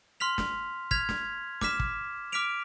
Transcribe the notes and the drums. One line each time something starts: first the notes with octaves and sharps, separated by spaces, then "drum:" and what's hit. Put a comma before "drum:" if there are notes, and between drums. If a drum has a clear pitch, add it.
C6 F6 B6 F7
drum: snare
F6 G#6 B6 F7, drum: kick
drum: snare
D6 F6 B6 E7, drum: snare
drum: kick
D6 F6 B6 D7 F7